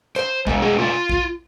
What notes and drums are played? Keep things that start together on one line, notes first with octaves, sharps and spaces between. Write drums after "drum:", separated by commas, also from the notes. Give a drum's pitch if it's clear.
C5, drum: clap
B2 G#3, drum: kick A#1
G#4
F4
drum: kick A#1